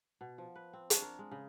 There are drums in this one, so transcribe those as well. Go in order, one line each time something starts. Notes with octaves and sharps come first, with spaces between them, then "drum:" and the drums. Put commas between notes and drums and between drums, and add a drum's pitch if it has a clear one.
B2
F3
B4
C4
D4, drum: hi-hat
A#4
G#3
C#3